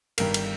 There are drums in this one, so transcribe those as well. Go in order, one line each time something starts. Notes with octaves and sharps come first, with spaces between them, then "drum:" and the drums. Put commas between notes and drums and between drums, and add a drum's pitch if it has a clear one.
G1 G2 D#3 A#4, drum: cymbal
drum: cymbal